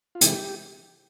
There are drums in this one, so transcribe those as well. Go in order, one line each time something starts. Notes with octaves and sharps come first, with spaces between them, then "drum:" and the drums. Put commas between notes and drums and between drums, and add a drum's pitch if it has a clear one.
F4
C3 E3 G#3 G4, drum: hi-hat